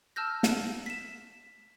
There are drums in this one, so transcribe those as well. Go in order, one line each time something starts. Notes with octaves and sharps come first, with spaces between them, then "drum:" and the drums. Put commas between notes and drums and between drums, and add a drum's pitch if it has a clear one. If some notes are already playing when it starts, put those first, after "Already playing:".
A5 E6 F6 G6 A#6
drum: snare
B6 E7